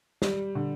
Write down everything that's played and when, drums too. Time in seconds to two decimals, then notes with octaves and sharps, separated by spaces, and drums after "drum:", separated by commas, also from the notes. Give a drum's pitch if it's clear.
0.22 G3, drum: snare
0.55 D3